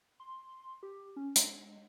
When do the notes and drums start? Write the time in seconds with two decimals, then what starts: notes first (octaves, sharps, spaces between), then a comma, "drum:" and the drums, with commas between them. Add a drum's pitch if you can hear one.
0.20 C6
0.83 G4
1.16 C#4
1.36 G#3, drum: hi-hat